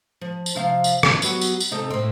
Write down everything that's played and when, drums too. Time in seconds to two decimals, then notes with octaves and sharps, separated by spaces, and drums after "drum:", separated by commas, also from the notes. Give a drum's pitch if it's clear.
0.21 F3
0.46 drum: tambourine
0.56 C3 F3 F5
0.84 drum: tambourine
1.03 F3 C#4, drum: rim click
1.22 F#3 B3 F#4, drum: tambourine
1.41 drum: tambourine
1.60 drum: tambourine
1.71 C3 D#4 A4
1.90 A2 C4